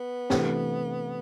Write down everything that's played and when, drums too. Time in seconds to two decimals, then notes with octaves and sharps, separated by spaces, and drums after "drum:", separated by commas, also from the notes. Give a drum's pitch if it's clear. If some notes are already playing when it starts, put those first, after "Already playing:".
Already playing: B3
0.30 C3 E3 A3 D4 G4, drum: snare